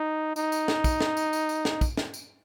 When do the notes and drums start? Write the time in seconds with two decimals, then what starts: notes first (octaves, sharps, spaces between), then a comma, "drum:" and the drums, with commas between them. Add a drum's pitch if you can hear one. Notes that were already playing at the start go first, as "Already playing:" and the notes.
Already playing: D#4
0.36 D#4, drum: tambourine
0.52 drum: tambourine
0.68 drum: snare
0.84 drum: kick, tambourine
1.01 drum: snare
1.17 drum: tambourine
1.33 drum: tambourine
1.49 drum: tambourine
1.65 drum: snare
1.81 drum: kick, tambourine
1.97 drum: snare
2.14 drum: tambourine